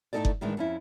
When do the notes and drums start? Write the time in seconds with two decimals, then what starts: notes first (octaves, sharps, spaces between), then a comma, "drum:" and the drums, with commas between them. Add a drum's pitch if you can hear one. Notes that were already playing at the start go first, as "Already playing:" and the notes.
0.13 A2 A3 D4 D#4 A4 D5
0.25 drum: kick F#1
0.41 A2 D#3 E3 G#3 D4
0.57 F2 C#4 E4